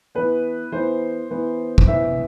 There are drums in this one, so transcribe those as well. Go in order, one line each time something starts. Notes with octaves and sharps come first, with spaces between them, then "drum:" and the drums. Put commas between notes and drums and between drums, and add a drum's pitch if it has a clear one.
E3 B3 B4
E3 B3 C5
E3 B3
drum: kick
E3 B3 E5